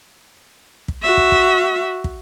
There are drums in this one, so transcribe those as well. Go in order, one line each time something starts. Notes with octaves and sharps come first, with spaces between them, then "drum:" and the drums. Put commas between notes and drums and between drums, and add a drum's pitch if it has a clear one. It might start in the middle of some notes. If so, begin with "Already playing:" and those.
drum: kick
F#4 E5
drum: kick
drum: kick
drum: kick